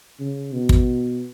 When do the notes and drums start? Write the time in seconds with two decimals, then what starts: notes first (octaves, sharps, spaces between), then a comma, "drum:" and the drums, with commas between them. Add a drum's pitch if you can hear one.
0.20 C#3
0.52 B2
0.69 drum: kick